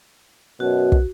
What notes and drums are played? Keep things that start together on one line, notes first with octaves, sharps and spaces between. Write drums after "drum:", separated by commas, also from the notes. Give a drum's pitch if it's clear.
F#2 B2 F#4
drum: kick